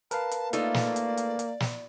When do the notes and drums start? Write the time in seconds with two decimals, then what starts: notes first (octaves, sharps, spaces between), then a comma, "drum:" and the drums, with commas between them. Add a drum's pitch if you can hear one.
0.11 A#4 B4 F5 A5, drum: hi-hat
0.31 drum: hi-hat
0.53 A3 A#3 D#4 F4 D5, drum: hi-hat
0.74 drum: snare
0.96 drum: hi-hat
1.17 drum: hi-hat
1.39 drum: hi-hat
1.60 drum: snare